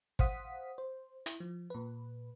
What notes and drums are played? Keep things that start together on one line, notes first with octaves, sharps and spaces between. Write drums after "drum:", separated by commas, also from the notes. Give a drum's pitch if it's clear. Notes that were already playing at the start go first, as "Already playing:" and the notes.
C5 F5 F#5 D#6 B6, drum: kick
C5
E4, drum: hi-hat
F3
A#2 B4